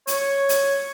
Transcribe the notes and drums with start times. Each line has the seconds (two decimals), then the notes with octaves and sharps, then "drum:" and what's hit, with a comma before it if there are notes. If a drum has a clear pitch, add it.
0.07 C#5, drum: hi-hat
0.49 drum: hi-hat